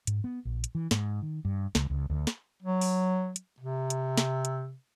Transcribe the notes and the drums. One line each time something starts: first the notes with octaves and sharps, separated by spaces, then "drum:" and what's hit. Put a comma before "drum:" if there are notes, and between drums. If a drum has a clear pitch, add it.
G#2, drum: hi-hat
B3
A#1
drum: hi-hat
E3
G#2, drum: snare
D#3
G2
C#2, drum: snare
C#2
D2
drum: snare
F#3
drum: open hi-hat
drum: hi-hat
C3
drum: hi-hat
drum: snare
drum: hi-hat